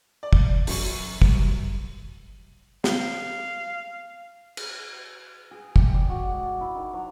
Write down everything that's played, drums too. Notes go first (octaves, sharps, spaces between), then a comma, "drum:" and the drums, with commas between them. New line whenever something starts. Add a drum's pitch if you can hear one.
D5
drum: kick
F#2 F#3 C#6, drum: open hi-hat
F#1 G3, drum: kick
F5, drum: snare
drum: cymbal
G#4
G4, drum: kick
D5
F#4
G#3
A4
E4
D#3
F#3